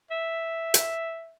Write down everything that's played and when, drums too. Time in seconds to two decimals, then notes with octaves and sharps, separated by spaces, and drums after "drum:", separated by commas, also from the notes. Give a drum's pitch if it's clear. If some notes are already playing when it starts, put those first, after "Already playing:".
0.11 E5
0.74 drum: hi-hat